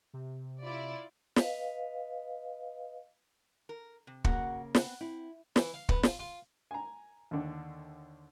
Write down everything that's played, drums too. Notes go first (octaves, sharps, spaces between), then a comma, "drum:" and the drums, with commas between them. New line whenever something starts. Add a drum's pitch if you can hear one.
C3
E4 F4 D5
B4 D#5 F5, drum: snare
A#4
C3
C#3 A#3 F#4 F#5, drum: kick
B3 C4, drum: snare
C4 E4
E3, drum: snare
F5
B3, drum: kick
F4, drum: snare
F4
G#5 A#5
D#2 D3